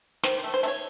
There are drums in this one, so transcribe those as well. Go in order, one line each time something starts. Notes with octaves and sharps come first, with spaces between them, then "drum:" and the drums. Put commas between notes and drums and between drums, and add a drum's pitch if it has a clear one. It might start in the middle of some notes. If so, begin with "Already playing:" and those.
D#3 C5, drum: snare
C5
A3
C5
A3, drum: hi-hat
C#5